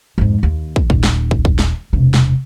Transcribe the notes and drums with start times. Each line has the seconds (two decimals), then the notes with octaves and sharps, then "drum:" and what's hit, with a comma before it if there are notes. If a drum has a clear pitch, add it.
0.18 F2 G#2
0.43 D#2
0.76 drum: kick
0.90 D#1, drum: kick
1.04 drum: snare
1.31 drum: kick
1.45 drum: kick
1.59 drum: snare
1.93 E1 C3
2.14 drum: snare